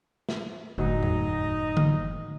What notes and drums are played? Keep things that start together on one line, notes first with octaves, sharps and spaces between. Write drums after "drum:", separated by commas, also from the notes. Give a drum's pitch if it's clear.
drum: snare
F#1 D2 A2 F#3 D#4 D#5
drum: tom E2
drum: tom D3